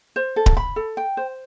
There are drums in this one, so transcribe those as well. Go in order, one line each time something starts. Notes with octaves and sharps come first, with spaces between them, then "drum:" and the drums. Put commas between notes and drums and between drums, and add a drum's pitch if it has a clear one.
C5
A4
drum: kick D1
B5
A4
G5
C5